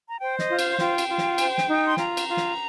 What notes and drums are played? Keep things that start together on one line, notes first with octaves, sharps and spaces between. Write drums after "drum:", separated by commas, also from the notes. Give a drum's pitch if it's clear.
A#5
C5 G5
D#5, drum: snare
F4
F5, drum: cymbal
F4 G5, drum: snare
drum: cymbal
F4
drum: snare
C5, drum: cymbal
drum: snare
D#4
C6
F4 A#5, drum: snare
drum: cymbal
F4
drum: snare